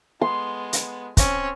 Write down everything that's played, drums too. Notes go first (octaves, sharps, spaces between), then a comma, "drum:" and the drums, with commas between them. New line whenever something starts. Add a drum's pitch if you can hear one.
G#3 B3 C6
drum: hi-hat
C4 C#4, drum: kick, hi-hat